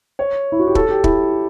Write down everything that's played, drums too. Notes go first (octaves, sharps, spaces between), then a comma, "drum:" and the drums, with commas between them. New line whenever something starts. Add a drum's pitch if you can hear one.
C#5
E4
F#4
G4
A4, drum: kick
G4
E4, drum: kick